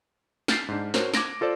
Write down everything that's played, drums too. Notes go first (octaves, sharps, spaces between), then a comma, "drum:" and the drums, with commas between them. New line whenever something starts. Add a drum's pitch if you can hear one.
F6 G6 A6 B6 C7, drum: snare
G#2 D4
F#4 A#4 C5 C#5, drum: snare
D6 G#6 A#6 D7, drum: snare
F4 A4 C5 D5